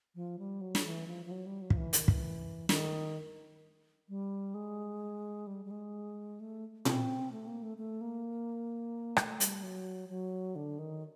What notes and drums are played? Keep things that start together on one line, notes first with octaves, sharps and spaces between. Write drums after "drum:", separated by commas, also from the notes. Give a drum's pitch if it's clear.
F3
G3
F#3
drum: snare
E3
F3
F3
F#3
G3
F#3
F3, drum: kick
E3
D#3, drum: hi-hat
E3, drum: kick
D#3, drum: snare
G3
G#3
G3
G3
G#3
A3
C4, drum: tom A#2
A3
A#3
A3
A3
A#3
A3, drum: rim click
G3, drum: hi-hat
F#3
F#3
D3
D#3